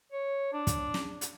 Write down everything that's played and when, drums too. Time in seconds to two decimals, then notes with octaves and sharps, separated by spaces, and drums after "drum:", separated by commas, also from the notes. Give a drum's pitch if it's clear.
0.12 C#5
0.53 D4
0.67 drum: kick, hi-hat
0.94 drum: snare
1.21 drum: hi-hat